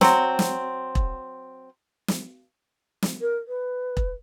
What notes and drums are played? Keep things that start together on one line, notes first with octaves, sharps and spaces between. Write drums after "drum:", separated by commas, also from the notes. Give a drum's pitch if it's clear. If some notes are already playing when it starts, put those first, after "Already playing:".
F#3 C4, drum: snare
drum: snare
drum: kick E1
drum: snare
drum: snare
A#4
B4
drum: kick E1